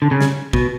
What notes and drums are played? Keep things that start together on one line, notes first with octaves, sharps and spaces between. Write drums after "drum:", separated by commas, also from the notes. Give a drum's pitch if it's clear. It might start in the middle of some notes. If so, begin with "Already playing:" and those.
D3
C#3
drum: snare
B2, drum: kick